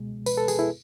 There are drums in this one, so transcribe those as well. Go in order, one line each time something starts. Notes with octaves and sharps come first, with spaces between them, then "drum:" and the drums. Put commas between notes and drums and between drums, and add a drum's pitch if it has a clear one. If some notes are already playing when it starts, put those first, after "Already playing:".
Already playing: C#2 B2 G#3
B4, drum: tambourine
A4
G#4, drum: tambourine
E4